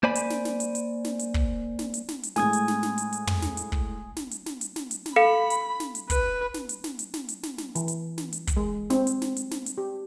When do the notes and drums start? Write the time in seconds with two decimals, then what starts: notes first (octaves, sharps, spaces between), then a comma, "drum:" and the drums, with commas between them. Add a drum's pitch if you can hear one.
0.03 A#3 C5 D5 G#5 B5
0.15 drum: hi-hat
0.30 drum: snare
0.45 drum: snare
0.60 drum: hi-hat
0.75 drum: hi-hat
1.05 drum: snare
1.19 drum: hi-hat
1.34 drum: kick
1.79 drum: snare
1.94 drum: hi-hat
2.09 drum: snare
2.23 drum: hi-hat
2.36 A2 G#3 G#5 D#6 G#6, drum: snare
2.53 drum: hi-hat
2.68 drum: snare
2.83 drum: snare
2.98 drum: hi-hat
3.13 drum: hi-hat
3.27 drum: tom
3.42 drum: snare
3.57 drum: hi-hat
3.72 drum: kick
4.17 drum: snare
4.31 drum: hi-hat
4.46 drum: snare
4.61 drum: hi-hat
4.76 drum: snare
4.91 drum: hi-hat
5.06 drum: snare
5.16 A4 F5 B5 C#7
5.50 drum: hi-hat
5.80 drum: snare
5.95 drum: hi-hat
6.10 B4, drum: kick, hi-hat
6.54 drum: snare
6.69 drum: hi-hat
6.84 drum: snare
6.99 drum: hi-hat
7.14 drum: snare
7.28 drum: hi-hat
7.43 drum: snare
7.58 drum: snare
7.75 E3, drum: hi-hat
7.88 drum: hi-hat
8.18 drum: snare
8.32 drum: hi-hat
8.47 drum: kick, hi-hat
8.57 G#3
8.90 C4, drum: snare
9.07 drum: hi-hat
9.22 drum: snare
9.36 drum: hi-hat
9.51 drum: snare
9.66 drum: hi-hat
9.78 G4